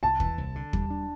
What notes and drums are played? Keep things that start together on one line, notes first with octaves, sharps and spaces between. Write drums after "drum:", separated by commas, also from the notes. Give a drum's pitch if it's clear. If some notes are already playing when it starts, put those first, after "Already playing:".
C2 A5
E3, drum: kick
C2
D3
G3, drum: kick
D4